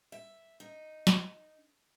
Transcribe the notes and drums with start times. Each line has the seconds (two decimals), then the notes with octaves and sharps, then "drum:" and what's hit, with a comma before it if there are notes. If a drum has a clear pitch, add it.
0.12 E5
0.60 D#4
1.07 drum: snare